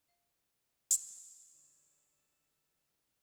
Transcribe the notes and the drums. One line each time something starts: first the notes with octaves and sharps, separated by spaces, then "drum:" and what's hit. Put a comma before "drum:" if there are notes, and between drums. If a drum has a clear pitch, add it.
F5
C#6, drum: hi-hat
D3 F4 C#5 D5 A5 E6